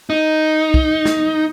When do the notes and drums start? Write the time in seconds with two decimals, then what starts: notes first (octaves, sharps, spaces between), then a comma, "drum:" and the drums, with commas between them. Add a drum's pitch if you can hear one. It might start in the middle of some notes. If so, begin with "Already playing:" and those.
0.10 D#4
0.74 drum: kick
1.05 drum: snare